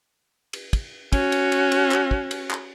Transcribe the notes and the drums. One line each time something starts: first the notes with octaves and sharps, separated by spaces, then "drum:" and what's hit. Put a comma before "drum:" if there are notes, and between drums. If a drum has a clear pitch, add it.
drum: cymbal
drum: kick, cymbal
C#4 F#4, drum: kick, cymbal
drum: cymbal
drum: cymbal
drum: cymbal
drum: clap
drum: kick
drum: cymbal
drum: clap